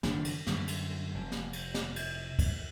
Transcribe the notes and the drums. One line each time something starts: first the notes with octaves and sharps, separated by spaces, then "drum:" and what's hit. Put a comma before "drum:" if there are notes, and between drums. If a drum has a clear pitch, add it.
F#1 D#3 F3 D4, drum: snare
drum: cymbal
F#2 D3 G3, drum: snare
drum: cymbal
F1
drum: snare
drum: cymbal
drum: snare
drum: cymbal
drum: kick, cymbal